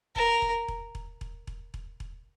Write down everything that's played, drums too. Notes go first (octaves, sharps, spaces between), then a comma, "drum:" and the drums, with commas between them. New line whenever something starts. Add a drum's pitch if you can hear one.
A#4, drum: kick E1
drum: kick E1
drum: kick E1
drum: kick E1
drum: kick E1
drum: kick E1
drum: kick E1
drum: kick E1